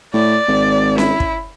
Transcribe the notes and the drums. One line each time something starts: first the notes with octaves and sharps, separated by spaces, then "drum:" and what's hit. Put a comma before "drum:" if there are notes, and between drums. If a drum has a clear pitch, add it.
A2 D5
G#1
E4, drum: snare C#4
drum: kick